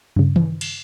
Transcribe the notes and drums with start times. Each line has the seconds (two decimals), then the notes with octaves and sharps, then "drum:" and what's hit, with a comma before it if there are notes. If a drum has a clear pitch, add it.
0.16 G2 C#3
0.36 drum: tom D#3
0.61 drum: cymbal